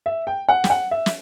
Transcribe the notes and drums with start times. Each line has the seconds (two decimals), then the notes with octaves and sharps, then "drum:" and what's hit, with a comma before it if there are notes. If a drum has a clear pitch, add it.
0.06 E5
0.27 G5
0.49 F#5
0.64 G5, drum: snare
0.70 F#5
0.91 E5
1.06 drum: snare